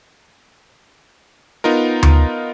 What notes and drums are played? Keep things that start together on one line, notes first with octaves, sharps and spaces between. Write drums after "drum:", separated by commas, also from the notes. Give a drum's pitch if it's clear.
B3 D#4 F4 A#4
drum: tom D2